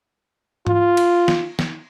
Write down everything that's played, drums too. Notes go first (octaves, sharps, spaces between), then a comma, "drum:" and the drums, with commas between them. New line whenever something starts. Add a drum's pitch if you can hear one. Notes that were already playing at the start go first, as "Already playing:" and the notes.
F4, drum: tom G#2
drum: cymbal
drum: snare
drum: snare